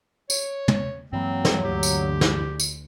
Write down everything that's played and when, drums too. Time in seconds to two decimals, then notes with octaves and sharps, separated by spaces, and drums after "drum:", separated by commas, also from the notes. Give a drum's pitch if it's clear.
0.30 C#5, drum: tambourine
0.68 drum: tom
1.13 G2 E3 F#3 A#3 C4
1.45 drum: snare
1.64 D2 D3 G4
1.83 drum: tambourine
2.21 drum: snare
2.59 drum: tambourine